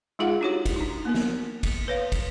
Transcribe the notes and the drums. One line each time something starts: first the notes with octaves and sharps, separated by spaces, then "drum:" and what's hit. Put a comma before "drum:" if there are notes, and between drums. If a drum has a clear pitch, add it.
G#3 D#4 F4 G#4 F5 F#5
D4 E4 F#4 G4 C#5
drum: kick, cymbal
D4 D#4
A#3 B3 A#4
drum: snare
drum: kick, cymbal
B4 C#5 F5
drum: kick, cymbal